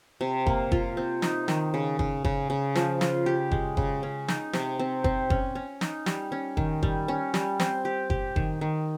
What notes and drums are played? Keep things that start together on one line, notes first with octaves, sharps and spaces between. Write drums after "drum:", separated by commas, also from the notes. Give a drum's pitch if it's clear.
C3
A#3, drum: kick F#1
F4, drum: kick F#1
C4
D#4, drum: snare
D#3, drum: snare
C#3
C#3, drum: kick F#1
C#3, drum: kick F#1
C#3
F3, drum: snare
F4, drum: snare
G4
G#3, drum: kick F#1
C#3, drum: kick F#1
C#4
D#4, drum: snare
C3, drum: snare
C4
C4, drum: kick F#1
C#4, drum: kick F#1
C#4
D#4, drum: snare
G3, drum: snare
C#4
D#3, drum: kick F#1
G3, drum: kick F#1
C#4
G3, drum: snare
C4, drum: snare
G4
G4, drum: kick F#1
D#3, drum: kick F#1
D#3